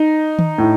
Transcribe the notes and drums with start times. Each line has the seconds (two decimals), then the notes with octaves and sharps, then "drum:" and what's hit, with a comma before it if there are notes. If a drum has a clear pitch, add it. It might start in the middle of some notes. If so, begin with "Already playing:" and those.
Already playing: D#4
0.39 drum: tom D#3
0.58 A2